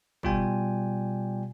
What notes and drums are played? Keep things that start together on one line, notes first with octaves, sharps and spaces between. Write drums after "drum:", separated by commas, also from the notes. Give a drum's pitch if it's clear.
B2 G3 F4 D5 G5 G#5, drum: kick